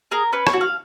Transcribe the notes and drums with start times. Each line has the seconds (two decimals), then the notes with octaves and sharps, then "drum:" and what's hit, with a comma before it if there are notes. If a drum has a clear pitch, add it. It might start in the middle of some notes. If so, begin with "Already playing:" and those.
0.11 G#4 A#4
0.32 C#4 B4
0.47 C#5, drum: rim click
0.53 F#4
0.61 F5